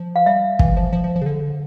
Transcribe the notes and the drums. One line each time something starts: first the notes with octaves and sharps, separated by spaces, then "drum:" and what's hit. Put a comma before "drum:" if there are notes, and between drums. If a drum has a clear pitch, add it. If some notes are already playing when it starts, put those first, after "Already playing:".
Already playing: F3
F5
G3 E5
E3, drum: kick
F3
F3
F3
F3
C#3
D3